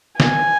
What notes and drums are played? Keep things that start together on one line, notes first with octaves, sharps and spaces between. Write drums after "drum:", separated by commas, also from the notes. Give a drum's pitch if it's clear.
G#5, drum: snare